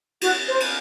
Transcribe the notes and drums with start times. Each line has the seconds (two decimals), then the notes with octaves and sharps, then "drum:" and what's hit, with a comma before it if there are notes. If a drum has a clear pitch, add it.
0.21 F#4, drum: cymbal
0.48 C5
0.60 drum: cymbal